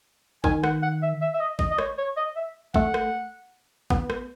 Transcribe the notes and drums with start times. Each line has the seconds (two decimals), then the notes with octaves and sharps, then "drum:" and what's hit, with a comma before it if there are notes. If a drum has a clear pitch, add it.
0.44 D#3 G#5, drum: kick A1
0.64 F#5, drum: rim click
0.83 F#5
1.02 E5
1.21 E5
1.34 E5
1.40 D#5
1.59 D#5, drum: kick A1
1.71 D#5
1.78 C#5, drum: rim click
1.98 C#5
2.17 D#5
2.36 E5
2.74 A3 F#5, drum: kick A1
2.94 drum: rim click
3.90 B3, drum: kick A1
4.10 drum: rim click